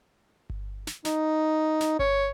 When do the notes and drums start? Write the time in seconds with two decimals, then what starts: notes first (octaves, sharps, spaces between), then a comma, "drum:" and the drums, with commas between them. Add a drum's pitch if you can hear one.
0.50 drum: kick G1
0.87 drum: snare
1.05 D#4, drum: snare
1.81 drum: snare
1.99 C#5, drum: kick G1